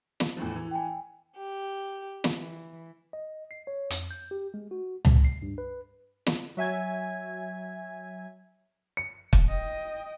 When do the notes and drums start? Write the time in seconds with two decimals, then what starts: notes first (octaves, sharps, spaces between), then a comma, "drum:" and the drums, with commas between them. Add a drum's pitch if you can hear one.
0.20 drum: snare
0.37 E2 A2 F3
0.56 E3
0.71 G5 G#5
1.37 G4
2.24 drum: snare
2.34 E3
3.13 D#5
3.51 C7
3.67 C#5
3.90 F2, drum: hi-hat
4.11 G6
4.31 G4
4.54 G#3
4.71 F#4
5.05 A1, drum: tom C#2
5.25 C7
5.42 G2
5.58 B4
6.26 drum: snare
6.57 F#3 E5 G#5 G#6
8.97 C#7
9.33 drum: kick
9.48 D#5 G5